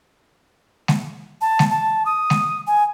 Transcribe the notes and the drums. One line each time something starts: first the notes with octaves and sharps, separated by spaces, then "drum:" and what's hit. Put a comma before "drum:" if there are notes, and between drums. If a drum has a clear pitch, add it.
drum: snare
A5
drum: snare
A5
D#6
drum: snare
G#5